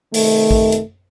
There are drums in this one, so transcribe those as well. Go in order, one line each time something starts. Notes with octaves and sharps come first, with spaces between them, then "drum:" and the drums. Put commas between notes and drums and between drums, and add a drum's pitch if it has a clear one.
C3 D#3 A3, drum: open hi-hat
drum: kick A1
drum: hi-hat